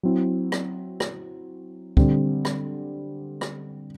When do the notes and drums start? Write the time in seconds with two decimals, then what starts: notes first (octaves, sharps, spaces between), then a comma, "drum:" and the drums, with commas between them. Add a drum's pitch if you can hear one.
0.03 F#3 C4 E4
0.52 drum: rim click
1.00 drum: rim click
1.97 D3 G3 C4, drum: kick
2.45 drum: rim click
3.41 drum: rim click